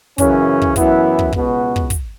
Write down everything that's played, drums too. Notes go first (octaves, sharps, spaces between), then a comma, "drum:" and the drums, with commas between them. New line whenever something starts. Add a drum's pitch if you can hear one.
F#2 C#3 E3 C#4, drum: kick, hi-hat
drum: kick
F#2 E3 B3 E4, drum: kick, hi-hat
drum: kick
C#2 B2 B3 F#4, drum: kick
drum: kick
drum: kick, hi-hat